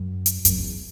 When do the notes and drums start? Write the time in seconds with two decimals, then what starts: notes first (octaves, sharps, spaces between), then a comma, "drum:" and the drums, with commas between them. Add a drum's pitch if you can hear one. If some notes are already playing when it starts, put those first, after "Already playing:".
Already playing: F#2
0.26 drum: hi-hat
0.45 F#2, drum: hi-hat
0.58 E2